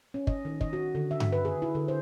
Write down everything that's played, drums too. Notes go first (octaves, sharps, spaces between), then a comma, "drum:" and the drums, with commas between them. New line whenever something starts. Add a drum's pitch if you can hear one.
C#4
D#5, drum: kick
D#3
D#5, drum: kick
F#4
D3
E5
drum: tom G2
B4
G#4
E4
D3
C5